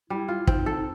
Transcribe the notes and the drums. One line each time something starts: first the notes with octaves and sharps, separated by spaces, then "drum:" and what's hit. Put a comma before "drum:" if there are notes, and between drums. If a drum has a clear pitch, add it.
G3 E4
F4
C4 D#4, drum: kick
A4
D#4